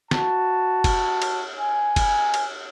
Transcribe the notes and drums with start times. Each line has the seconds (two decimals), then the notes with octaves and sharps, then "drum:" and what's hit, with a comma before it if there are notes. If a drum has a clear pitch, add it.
0.11 F#4 A5, drum: snare
0.84 drum: kick F#1, cymbal
1.22 drum: cymbal
1.59 G#5
1.96 drum: kick F#1, cymbal
2.34 drum: cymbal